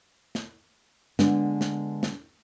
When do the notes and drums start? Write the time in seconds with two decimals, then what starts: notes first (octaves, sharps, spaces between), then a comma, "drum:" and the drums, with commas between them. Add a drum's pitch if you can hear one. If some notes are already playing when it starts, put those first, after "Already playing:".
0.35 drum: snare
1.19 D3 G#3 B3 D4, drum: snare
1.61 drum: snare
2.03 drum: snare